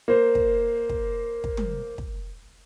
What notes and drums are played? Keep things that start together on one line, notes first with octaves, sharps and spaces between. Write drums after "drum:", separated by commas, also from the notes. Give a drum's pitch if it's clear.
A#3 C5
drum: kick
drum: kick
drum: kick
drum: tom
drum: kick